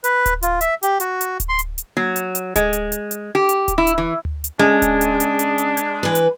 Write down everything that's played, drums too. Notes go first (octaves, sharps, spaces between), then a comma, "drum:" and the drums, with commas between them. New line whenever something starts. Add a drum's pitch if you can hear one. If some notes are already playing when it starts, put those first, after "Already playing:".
B4, drum: hi-hat
drum: kick D1, hi-hat
F4, drum: hi-hat
E5, drum: hi-hat
G4, drum: hi-hat
F#4, drum: hi-hat
drum: hi-hat
drum: kick D1, hi-hat
C6
drum: hi-hat
drum: hi-hat
F#3, drum: tom A#3
drum: hi-hat
drum: hi-hat
G#3, drum: kick D1, hi-hat
drum: hi-hat
drum: hi-hat
drum: hi-hat
G4
drum: hi-hat
drum: kick D1, hi-hat
E4
drum: hi-hat
E3
drum: tom D2
drum: hi-hat
C#3 G#3 D4
drum: kick D1, hi-hat
drum: hi-hat
drum: hi-hat
drum: hi-hat
drum: hi-hat
drum: hi-hat
E3 B4
drum: hi-hat